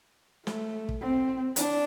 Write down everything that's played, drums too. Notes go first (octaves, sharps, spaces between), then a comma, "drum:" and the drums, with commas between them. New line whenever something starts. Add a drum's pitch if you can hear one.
A3, drum: snare
drum: kick
C4
D4, drum: hi-hat